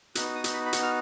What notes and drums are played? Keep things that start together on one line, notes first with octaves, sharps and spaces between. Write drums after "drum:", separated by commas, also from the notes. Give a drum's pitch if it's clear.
B3 D#4 F#4 F#6, drum: hi-hat
D#6
drum: hi-hat
B5
B5
C#6, drum: hi-hat
F6